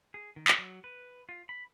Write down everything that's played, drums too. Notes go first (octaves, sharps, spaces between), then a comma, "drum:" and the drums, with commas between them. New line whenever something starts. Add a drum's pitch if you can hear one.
G#4
D#3
drum: clap
F#3
B4
F4
B5